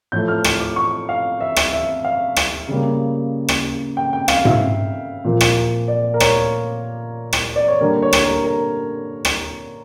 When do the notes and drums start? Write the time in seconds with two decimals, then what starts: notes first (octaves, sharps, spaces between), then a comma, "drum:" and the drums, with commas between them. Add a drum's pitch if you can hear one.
0.12 A2 F3 A3 G6
0.28 F6
0.44 drum: rim click
0.60 D6
0.76 C#6
1.09 F5
1.41 E5
1.56 drum: rim click
1.73 E5
2.04 F5
2.36 drum: rim click
2.68 C#3 G3 A#3
3.48 drum: rim click
3.97 G5
4.13 G5
4.28 F5, drum: rim click
4.45 E5, drum: tom G#2
5.25 A#2 F3 A#3
5.41 drum: rim click
5.88 D5
6.14 A#4
6.20 C#5, drum: rim click
7.33 drum: rim click
7.56 D5
7.68 C#5
7.81 D3 G3 A#3 A#4
8.02 C#5
8.13 drum: rim click
8.23 A#4
8.44 A#4
9.25 drum: rim click